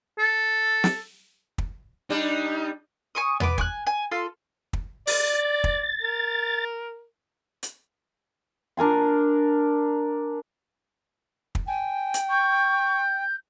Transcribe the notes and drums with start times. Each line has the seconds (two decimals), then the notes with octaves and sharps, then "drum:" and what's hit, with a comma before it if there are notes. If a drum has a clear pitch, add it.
0.18 A4
0.84 drum: snare
1.58 drum: kick
2.10 G3 D4 D#4
3.15 G#5 C#6 D#6
3.40 B3 B4 D6, drum: tom E2
3.58 G#5 D6 F#6, drum: kick
3.87 G#5
4.11 F4 A4 C6
4.73 drum: kick
5.07 D5 A6, drum: open hi-hat
5.64 drum: kick
6.02 A#4
7.63 drum: hi-hat
8.77 D4 A#4 G#5 C6
11.55 drum: kick
11.67 G5 G#5
12.14 drum: hi-hat
12.30 C#6 G6